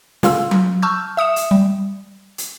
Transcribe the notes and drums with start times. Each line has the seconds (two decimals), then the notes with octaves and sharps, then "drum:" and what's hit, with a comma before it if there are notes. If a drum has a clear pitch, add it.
0.23 C#3 F4 F5 C6 E6, drum: snare
0.51 drum: tom F#3
0.82 A5 C#6 E6 F6 G6
1.17 E5 D#6 C#7 E7
1.36 drum: hi-hat
1.51 G3
2.38 drum: hi-hat